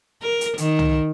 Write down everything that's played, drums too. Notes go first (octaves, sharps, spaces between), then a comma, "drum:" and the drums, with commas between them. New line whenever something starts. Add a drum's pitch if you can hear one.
A#4
drum: hi-hat
D#3, drum: hi-hat
drum: tom